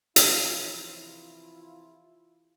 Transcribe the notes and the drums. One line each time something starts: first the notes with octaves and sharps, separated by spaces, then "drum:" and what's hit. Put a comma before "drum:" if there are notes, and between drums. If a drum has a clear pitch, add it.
C3 E3 F3 E4 F4, drum: hi-hat